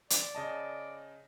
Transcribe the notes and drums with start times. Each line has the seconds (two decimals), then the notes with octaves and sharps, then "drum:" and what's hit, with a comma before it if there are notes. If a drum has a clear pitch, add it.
0.10 D5, drum: hi-hat
0.35 C#3 D#5 A5